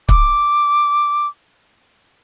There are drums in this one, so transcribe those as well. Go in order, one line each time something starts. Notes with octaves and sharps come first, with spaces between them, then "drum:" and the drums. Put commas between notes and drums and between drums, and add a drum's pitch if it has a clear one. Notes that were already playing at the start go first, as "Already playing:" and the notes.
D6, drum: kick C#1